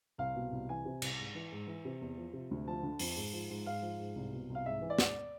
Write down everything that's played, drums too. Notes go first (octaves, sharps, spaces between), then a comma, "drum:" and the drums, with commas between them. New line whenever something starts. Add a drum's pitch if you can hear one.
C2 F5
B2
C2
E3 G#5
C3
C2, drum: cymbal
G#2
E3
G#2
E3
C3
E2
F3
C3
D2
F3 A5
D3
F2, drum: open hi-hat
G#2
F3
G#2
G#2 F5
F3
G#2
C2
B2
C2
F5
G#2 E5
E3
D5
G#2, drum: snare